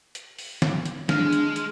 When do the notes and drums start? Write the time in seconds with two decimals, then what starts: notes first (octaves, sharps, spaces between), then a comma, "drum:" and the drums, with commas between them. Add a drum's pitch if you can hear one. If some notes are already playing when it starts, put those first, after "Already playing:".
0.15 drum: hi-hat
0.39 drum: open hi-hat
0.62 drum: snare
0.85 drum: hi-hat
1.09 G#3 D4 F6, drum: snare
1.32 drum: hi-hat
1.56 drum: hi-hat